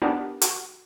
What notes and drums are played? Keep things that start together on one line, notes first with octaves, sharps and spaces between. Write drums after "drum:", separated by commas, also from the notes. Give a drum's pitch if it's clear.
B3 D4 D#4 G4 A#4
F#4, drum: hi-hat